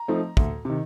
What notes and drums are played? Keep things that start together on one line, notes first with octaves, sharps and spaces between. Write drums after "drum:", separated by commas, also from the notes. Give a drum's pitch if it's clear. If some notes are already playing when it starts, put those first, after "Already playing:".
Already playing: A#5
F3 A3 C4 D#4
D2, drum: kick
C3 D#3